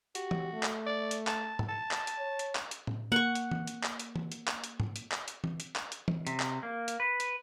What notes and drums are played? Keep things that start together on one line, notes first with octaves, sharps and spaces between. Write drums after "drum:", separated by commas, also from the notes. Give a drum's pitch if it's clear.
F#4 G4, drum: hi-hat
drum: tom E3
A3
drum: clap
D5
drum: hi-hat
A5, drum: clap
drum: tom
A5
drum: clap
drum: hi-hat
C#5
drum: hi-hat
drum: clap
drum: hi-hat
drum: tom A2
A#3 F#5 C#6
drum: hi-hat
drum: tom E3
drum: hi-hat
drum: clap
drum: hi-hat
drum: tom E3
drum: hi-hat
drum: clap
drum: hi-hat
drum: tom
drum: hi-hat
drum: clap
drum: hi-hat
drum: tom E3
drum: hi-hat
drum: clap
drum: hi-hat
drum: tom E3
C3, drum: hi-hat
drum: clap
A#3
drum: hi-hat
B4
drum: hi-hat